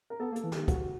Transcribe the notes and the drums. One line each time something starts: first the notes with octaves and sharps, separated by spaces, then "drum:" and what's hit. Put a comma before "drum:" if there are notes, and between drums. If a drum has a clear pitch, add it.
A#4
B3 A4
A#3
A4, drum: hi-hat
E3
D#3 G4, drum: snare
F#4, drum: kick, hi-hat